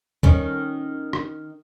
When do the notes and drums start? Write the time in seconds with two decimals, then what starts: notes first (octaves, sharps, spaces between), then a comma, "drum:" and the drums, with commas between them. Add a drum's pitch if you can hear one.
0.23 D#3 C#4, drum: kick
1.13 drum: rim click